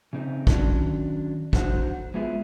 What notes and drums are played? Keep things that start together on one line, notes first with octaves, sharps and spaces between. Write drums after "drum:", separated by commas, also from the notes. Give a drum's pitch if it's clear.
C#3 C4 D#4
D#3 F#3 C#4 D4, drum: kick
D3 F#3 C5 F#5, drum: kick
G#3 B3 E4 F4 G#4